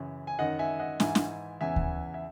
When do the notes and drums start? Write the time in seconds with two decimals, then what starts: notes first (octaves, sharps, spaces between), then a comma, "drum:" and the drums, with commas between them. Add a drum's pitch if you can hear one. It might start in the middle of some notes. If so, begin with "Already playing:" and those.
Already playing: F#2 C#3 E3
0.27 G#5
0.39 F#2 D#3 D#5 F#5
0.59 E5 G#5
0.79 D#5 F#5
1.00 G#2 E3 E5 G#5, drum: snare
1.15 drum: snare
1.61 E2 C#3 E3 E5 G#5
1.76 drum: kick D2
2.14 E5